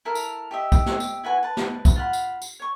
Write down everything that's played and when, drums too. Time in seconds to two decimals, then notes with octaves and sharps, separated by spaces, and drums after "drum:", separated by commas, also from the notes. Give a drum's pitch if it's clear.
0.05 E4 A4 A#4
0.15 drum: tambourine
0.51 G4 D#5 E5
0.72 drum: kick, tambourine
0.86 drum: snare
1.00 drum: tambourine
1.24 E4 F#4 B4 G#5
1.43 B4 A5
1.57 drum: snare
1.85 drum: kick, tambourine
1.96 F4 F#5 B5
2.13 drum: tambourine
2.42 drum: tambourine
2.60 C#5 C#6